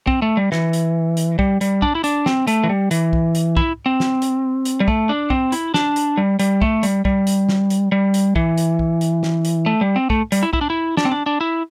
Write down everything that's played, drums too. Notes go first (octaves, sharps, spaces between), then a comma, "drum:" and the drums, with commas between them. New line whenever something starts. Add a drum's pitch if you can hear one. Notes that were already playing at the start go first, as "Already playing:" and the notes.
C4, drum: kick
A3
G3
E3, drum: snare
drum: hi-hat
drum: hi-hat
G3, drum: kick
G3, drum: hi-hat
D4, drum: kick
E4
D4, drum: hi-hat
C4, drum: snare
A3, drum: hi-hat
E3
G3
E3, drum: hi-hat
drum: kick
drum: hi-hat
E4, drum: kick
C4
drum: snare
drum: hi-hat
drum: hi-hat
G3
A3, drum: kick
D4
C4, drum: kick
E4, drum: hi-hat
D4, drum: snare
drum: hi-hat
G3
G3, drum: hi-hat
A3, drum: kick
G3, drum: hi-hat
G3, drum: kick
drum: hi-hat
drum: snare
drum: hi-hat
G3
drum: hi-hat
E3, drum: kick
drum: hi-hat
drum: kick
drum: hi-hat
drum: snare
drum: hi-hat
A3
G3
C4
A3, drum: kick
G3, drum: hi-hat
E4
E4, drum: kick
D4
E4
D4, drum: snare
C4
D4
D4
E4